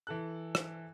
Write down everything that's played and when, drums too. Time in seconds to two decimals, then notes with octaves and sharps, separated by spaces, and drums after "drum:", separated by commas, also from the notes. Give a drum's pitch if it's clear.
0.07 E3 A4 F#6
0.55 drum: rim click